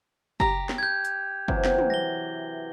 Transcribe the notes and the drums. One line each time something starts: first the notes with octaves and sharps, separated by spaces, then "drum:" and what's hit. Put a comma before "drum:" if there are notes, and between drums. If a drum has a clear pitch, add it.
G4 A#5, drum: kick F#1
drum: snare
G6 G#6
drum: hi-hat
C3 E3 F#3, drum: kick F#1
drum: snare
drum: tom
A#6 G7